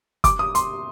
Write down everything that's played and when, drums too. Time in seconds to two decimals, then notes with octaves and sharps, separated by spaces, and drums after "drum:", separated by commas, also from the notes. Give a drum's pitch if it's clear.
0.24 D6, drum: kick, hi-hat
0.39 D#6
0.55 C6, drum: hi-hat